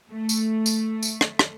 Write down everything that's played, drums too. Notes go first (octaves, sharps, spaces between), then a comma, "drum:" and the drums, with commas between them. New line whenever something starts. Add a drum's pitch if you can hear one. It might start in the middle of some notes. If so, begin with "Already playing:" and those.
A3
drum: tambourine
drum: tambourine
drum: tambourine
drum: rim click
drum: rim click